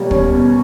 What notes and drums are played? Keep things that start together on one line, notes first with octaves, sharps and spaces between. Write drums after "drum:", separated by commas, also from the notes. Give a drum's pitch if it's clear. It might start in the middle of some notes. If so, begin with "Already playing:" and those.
Already playing: B2 G3 A#3 C#4
C#4, drum: kick
B2